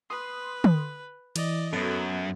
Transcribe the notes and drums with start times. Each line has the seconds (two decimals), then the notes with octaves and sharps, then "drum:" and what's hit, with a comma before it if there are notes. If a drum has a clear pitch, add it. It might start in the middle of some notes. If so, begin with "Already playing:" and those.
0.10 B4 C6 D#6
0.64 drum: tom
1.36 E3 D5 D#5, drum: cymbal
1.73 F#2 F#3 B3 A4 A6